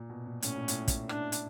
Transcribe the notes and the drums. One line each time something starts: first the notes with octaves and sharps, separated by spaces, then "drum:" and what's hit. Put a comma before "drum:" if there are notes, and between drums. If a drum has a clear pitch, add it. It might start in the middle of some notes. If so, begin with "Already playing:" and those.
Already playing: A#2
B2
A#2
A2 C#4, drum: hi-hat
A#2
A2, drum: hi-hat
drum: kick, hi-hat
D4, drum: rim click
drum: hi-hat